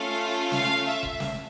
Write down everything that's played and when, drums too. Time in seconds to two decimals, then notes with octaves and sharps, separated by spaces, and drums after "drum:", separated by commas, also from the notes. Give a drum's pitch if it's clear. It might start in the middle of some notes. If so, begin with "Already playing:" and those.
Already playing: A3 C#4 F4 A4 F5
0.52 F5, drum: snare
0.86 E5
1.03 drum: kick
1.20 drum: snare